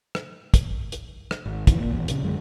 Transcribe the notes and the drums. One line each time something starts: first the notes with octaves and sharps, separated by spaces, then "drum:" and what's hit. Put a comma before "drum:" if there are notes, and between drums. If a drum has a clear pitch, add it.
drum: rim click
drum: kick, hi-hat
drum: hi-hat
drum: rim click
G#1
F2 D#3 E3, drum: kick, hi-hat
A#2
D#1 E2
A#1 C#3, drum: hi-hat
F#2 D3 G#3